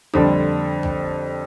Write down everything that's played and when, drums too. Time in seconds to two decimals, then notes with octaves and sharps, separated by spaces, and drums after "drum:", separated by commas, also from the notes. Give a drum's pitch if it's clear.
0.14 F2 D3 G3 D4, drum: kick A#1
0.83 drum: kick A#1